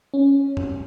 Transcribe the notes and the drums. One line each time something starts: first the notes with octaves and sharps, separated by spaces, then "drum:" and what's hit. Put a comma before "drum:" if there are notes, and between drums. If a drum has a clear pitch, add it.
C#4
drum: tom E2